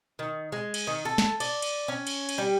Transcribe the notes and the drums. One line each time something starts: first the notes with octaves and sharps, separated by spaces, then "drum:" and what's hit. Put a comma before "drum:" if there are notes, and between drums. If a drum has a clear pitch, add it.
D#3
G#3
drum: cymbal
D#3
A4
drum: snare
D5, drum: cymbal
drum: cymbal
C#4
drum: cymbal
drum: cymbal
G3